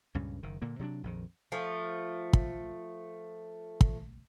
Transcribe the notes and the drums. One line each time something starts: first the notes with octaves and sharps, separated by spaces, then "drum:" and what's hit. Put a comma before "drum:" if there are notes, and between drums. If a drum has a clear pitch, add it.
C#2 G2 A#2 C#4
F#1 D#3
A#2 D3 A#3
C3 F#3 C4 D4
A#1 F2 D#3
F3 A3
drum: kick
drum: kick